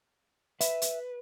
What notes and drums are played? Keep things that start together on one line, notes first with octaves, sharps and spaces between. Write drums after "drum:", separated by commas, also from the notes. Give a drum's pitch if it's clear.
B4 E5, drum: hi-hat
drum: hi-hat